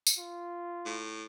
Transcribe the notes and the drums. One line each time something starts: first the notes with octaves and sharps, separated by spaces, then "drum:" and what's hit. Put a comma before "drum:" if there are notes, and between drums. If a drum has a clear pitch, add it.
drum: tambourine
F4
A2